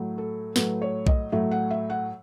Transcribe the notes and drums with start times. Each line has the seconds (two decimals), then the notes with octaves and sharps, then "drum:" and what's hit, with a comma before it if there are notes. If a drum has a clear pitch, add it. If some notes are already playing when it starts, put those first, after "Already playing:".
Already playing: A2 F#3 A3
0.18 A4
0.56 A2 F#3 A3 B4, drum: snare
0.82 C#5
1.07 D#5, drum: kick B1
1.32 A2 F#3 A3 E5
1.51 F#5
1.71 E5
1.90 F#5